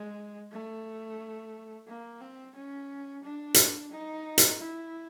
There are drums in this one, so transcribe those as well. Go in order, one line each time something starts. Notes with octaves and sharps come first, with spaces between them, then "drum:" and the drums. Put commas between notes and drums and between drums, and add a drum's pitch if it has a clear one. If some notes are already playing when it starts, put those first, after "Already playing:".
Already playing: G#3
A3
A#3
C4
C#4
D4
drum: hi-hat
D#4
drum: hi-hat
E4